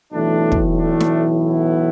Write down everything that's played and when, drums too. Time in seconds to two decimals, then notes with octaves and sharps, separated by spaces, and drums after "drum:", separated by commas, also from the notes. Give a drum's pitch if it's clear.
0.12 B1 A2 E3 A3 D4
0.52 drum: kick
0.79 A3 D4
1.00 drum: snare
1.45 B3 E4